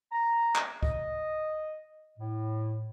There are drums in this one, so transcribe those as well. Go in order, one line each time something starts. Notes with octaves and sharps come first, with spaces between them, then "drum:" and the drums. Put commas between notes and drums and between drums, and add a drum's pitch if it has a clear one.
A#5
drum: clap
D#5, drum: kick C#2
A2